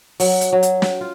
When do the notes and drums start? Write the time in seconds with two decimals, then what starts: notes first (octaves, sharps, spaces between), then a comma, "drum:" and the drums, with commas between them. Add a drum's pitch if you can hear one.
0.20 F#3, drum: open hi-hat
0.41 drum: hi-hat
0.53 F#3
0.63 drum: hi-hat
0.82 G5, drum: snare
1.01 F4